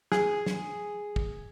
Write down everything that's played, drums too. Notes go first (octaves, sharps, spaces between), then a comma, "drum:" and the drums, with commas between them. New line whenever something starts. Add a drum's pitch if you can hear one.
G#4, drum: snare
drum: snare
drum: kick